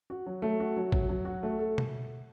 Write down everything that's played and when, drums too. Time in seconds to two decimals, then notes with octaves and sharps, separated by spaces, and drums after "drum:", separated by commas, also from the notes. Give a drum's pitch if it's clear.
0.10 F#4
0.26 F#3
0.42 A3
0.60 F#4
0.77 F#3
0.92 F#3, drum: kick G#1
1.09 F#3
1.25 F#4
1.43 A3
1.59 A4
1.78 drum: tom B2